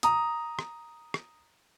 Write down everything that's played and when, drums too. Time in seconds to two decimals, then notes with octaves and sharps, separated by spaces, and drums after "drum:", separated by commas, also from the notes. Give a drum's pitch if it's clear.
0.03 A#5 D#6, drum: hi-hat
0.59 drum: rim click
1.14 drum: rim click